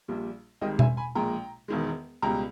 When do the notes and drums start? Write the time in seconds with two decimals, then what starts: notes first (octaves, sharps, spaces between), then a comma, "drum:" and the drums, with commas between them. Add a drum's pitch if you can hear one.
0.08 A#1 A#2 G3
0.61 G#1 G#2 D#3 G3 D#5 G5
0.79 E5 G#5, drum: tom B2
0.97 G#5 B5
1.15 A#1 A#2 G#3 G5 A#5
1.68 E1 E2 D#3 G#3
2.22 C#2 B2 G3 G5 A#5